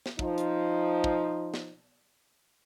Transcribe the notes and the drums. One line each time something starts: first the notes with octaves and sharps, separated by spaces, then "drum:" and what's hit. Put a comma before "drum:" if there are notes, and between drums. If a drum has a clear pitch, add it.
drum: snare
F3 D#4, drum: kick
drum: hi-hat
drum: kick
drum: snare